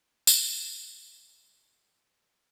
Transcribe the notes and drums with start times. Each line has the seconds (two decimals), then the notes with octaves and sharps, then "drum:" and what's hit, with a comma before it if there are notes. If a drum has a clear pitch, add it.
0.27 drum: tambourine
1.06 G#3 C#4